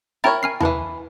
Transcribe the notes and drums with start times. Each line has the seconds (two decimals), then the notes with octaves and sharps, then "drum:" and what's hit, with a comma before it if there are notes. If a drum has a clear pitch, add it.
0.24 E4 A#4 C#5 G5 A#5 A6
0.43 G#5 F6 C7
0.61 E3 F3 E4 B4, drum: tom D#2